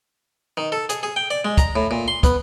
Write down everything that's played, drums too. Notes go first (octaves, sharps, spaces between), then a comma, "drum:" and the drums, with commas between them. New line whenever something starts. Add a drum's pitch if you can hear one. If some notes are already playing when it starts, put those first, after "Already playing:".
D#3
A4
G#4, drum: hi-hat
G#4
G5
D5
G#3
A#5, drum: kick, hi-hat
A2
A#2
C6
B3, drum: kick, hi-hat